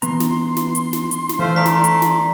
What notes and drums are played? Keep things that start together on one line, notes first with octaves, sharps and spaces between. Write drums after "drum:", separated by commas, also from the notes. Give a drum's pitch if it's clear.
E3 B3 A#5 C6, drum: hi-hat
drum: snare
drum: snare
drum: hi-hat
drum: snare
drum: hi-hat
drum: snare
E3 A3 F4 C5
A3 D5 A5 A#5 B6
drum: snare
drum: hi-hat
drum: snare